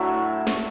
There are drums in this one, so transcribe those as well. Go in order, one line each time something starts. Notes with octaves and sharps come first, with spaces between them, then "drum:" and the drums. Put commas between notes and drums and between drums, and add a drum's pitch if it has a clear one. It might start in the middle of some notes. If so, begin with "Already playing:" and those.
Already playing: A2 F#3 A3 D4 E4 F#4 A4
drum: snare